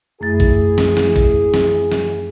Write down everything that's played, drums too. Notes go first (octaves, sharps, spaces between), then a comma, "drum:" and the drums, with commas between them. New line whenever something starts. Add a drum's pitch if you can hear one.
F#2 A3 E4 G#4 A6
drum: kick A1
drum: snare
drum: snare
drum: kick A1
drum: snare
drum: snare